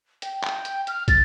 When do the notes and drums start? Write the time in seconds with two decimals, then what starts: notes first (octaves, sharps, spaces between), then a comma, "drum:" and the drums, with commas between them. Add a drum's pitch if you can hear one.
0.22 G5, drum: hi-hat
0.44 drum: clap
0.65 drum: hi-hat
0.87 F6, drum: hi-hat
1.08 A6, drum: kick, hi-hat